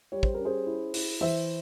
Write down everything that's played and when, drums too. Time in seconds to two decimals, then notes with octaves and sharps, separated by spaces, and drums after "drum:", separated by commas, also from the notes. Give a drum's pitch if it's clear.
0.12 G3 C#5
0.23 C5, drum: kick
0.34 C#4 A#4
0.45 G#4 C5
0.66 E4
0.94 E4, drum: open hi-hat
1.21 E3 C5 E5